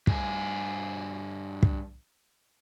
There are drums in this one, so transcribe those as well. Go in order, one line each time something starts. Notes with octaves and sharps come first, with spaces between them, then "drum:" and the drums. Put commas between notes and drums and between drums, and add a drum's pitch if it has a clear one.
G2 G#4, drum: kick
drum: kick